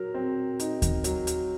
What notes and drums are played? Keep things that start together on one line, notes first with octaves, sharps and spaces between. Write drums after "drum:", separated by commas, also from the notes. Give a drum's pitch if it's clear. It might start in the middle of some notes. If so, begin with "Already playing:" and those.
Already playing: F#3 A#4
C4
D#4, drum: hi-hat
drum: kick D#2, hi-hat
F#3, drum: hi-hat
drum: hi-hat